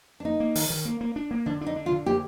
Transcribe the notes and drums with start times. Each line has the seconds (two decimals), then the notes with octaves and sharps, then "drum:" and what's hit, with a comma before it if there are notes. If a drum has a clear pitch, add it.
0.20 D4
0.25 A#3 D#4
0.40 A#3
0.55 D#3, drum: open hi-hat
0.70 D#3
0.85 A#3
1.01 A#3
1.16 D4
1.31 A#3
1.46 D3 D4
1.61 D4
1.67 D#4
1.76 D4
1.86 F4
1.91 D3
2.06 A#3 G4